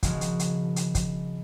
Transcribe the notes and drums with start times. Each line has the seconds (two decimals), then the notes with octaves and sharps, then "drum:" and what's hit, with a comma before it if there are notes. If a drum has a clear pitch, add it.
0.03 G#1 C#3 F3 G#3 F#4 A#4, drum: kick, hi-hat
0.21 drum: hi-hat
0.39 drum: hi-hat
0.76 drum: hi-hat
0.95 drum: kick, hi-hat